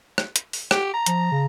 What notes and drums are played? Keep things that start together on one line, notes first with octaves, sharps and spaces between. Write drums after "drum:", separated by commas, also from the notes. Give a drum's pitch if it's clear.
drum: rim click
drum: hi-hat
drum: open hi-hat
G4, drum: rim click
A#5
F3, drum: hi-hat
C#3